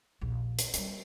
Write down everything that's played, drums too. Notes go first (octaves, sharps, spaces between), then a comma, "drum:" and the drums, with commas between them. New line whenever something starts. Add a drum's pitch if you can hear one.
A#1 D#2
drum: hi-hat
G3 D4, drum: hi-hat